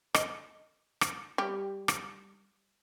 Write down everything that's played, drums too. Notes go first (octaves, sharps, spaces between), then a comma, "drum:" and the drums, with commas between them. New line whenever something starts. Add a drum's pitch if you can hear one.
D#5, drum: rim click
drum: rim click
G3 G4
drum: rim click